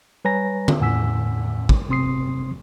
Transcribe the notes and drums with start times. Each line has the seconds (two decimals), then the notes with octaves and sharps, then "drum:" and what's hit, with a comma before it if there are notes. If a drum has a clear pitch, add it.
0.25 G3 B4 C#5 G#5 A#5 A#6
0.68 drum: tom D3
0.80 E2 A2 F#5 G#5 E6 B6
1.69 drum: kick
1.88 G1 C3 C4 C6 D#6 C7